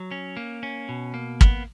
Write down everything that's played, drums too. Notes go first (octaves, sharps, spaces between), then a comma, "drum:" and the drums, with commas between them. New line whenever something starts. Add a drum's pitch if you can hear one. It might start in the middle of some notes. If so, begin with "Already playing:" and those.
Already playing: F#3
C#4
A#3
C#4
B2
A#3
B3, drum: kick